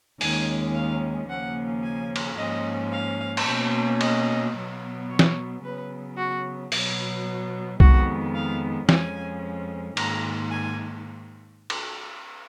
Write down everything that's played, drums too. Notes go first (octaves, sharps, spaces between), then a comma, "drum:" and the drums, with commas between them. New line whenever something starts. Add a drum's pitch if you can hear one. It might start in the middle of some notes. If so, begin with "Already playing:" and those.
D#2 D#3 G#3 C#4 G#5, drum: open hi-hat
F5
D#2 C#3 F3 A#3 C#4 F#5
G#5
drum: cymbal
G#2 F3 A#3 C#4 D#5
F5
drum: cymbal
B2 A#3 C#4
D#5, drum: cymbal
B2 F#3 B3
C#5
drum: snare E3
C#3 F#3 B3 B4
F#4
B2 F#3 B3, drum: open hi-hat
F2 D#3 G#3 B3 F#4, drum: kick B1
F5
F2 F3 G#3 C#4 G#5, drum: snare E3
G#2 D#3 A#3 A#5, drum: cymbal
G#5
drum: cymbal